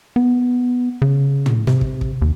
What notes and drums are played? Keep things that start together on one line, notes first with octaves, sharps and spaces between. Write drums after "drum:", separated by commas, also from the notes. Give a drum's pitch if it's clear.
B3
C#3
drum: tom
C3, drum: snare
drum: kick
drum: kick
D#2